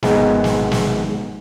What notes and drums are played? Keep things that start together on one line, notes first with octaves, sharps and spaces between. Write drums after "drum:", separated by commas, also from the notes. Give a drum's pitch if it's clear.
G#1 G#2 G#3 B3 G5, drum: snare
drum: snare
drum: snare